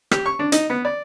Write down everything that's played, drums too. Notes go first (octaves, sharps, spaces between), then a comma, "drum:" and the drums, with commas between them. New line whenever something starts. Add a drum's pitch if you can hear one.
G4, drum: rim click
C#6
D4
D#4, drum: hi-hat
B3
D5